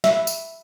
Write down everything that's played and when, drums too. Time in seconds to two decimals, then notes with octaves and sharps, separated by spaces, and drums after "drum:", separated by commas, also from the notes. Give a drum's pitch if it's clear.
0.04 E5, drum: snare
0.27 drum: tambourine